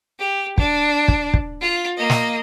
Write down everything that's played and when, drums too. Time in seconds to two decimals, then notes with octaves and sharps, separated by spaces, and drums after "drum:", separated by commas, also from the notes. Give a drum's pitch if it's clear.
0.19 G4
0.58 D4, drum: kick
1.08 drum: kick
1.34 drum: kick
1.61 F4
1.97 A#3 D#5
2.10 drum: snare